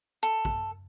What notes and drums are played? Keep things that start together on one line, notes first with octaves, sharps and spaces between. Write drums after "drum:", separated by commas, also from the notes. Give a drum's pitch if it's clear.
A4
drum: kick